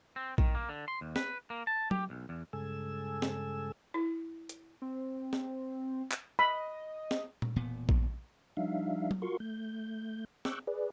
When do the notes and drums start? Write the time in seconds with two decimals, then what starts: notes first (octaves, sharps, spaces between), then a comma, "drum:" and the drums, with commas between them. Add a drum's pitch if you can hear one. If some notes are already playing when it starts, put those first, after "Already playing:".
0.16 C4
0.38 D#3, drum: kick A#1
0.55 A#3
0.69 D3
0.88 C6
1.01 D#2
1.16 B4, drum: snare
1.50 A#3
1.67 A5
1.91 G4, drum: tom F#3
2.10 B1
2.29 E2
2.53 G2 C#3 G#3 A4 G#5 E6
3.22 drum: snare
3.94 E4
4.49 drum: hi-hat
4.82 C4
5.33 drum: snare
6.12 drum: clap
6.39 D#5 B5
7.11 drum: snare
7.42 drum: tom A#2
7.56 E1 A#2 B3
7.89 drum: kick A#1
8.57 F3 G3 D4 D#4 E5 F5
9.11 drum: tom F#3
9.22 F4 F#4 A#4 C6 C#6
9.40 A3 G6
10.45 C#6 D6 E6 F#6 G6, drum: snare
10.67 G#4 B4 D5